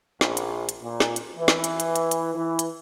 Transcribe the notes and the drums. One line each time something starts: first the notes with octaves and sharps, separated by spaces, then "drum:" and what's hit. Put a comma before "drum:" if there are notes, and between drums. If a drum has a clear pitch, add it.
A#1, drum: snare
drum: hi-hat
drum: hi-hat
A#2
drum: snare
drum: hi-hat
E3
drum: snare
drum: hi-hat
drum: hi-hat
drum: hi-hat
drum: hi-hat
E3
drum: hi-hat